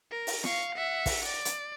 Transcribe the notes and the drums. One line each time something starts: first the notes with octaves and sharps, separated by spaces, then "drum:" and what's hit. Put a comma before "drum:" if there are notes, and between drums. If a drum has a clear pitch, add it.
A#4
drum: open hi-hat
F5 C#6, drum: snare
E5 F#5
drum: kick, open hi-hat
D5
drum: hi-hat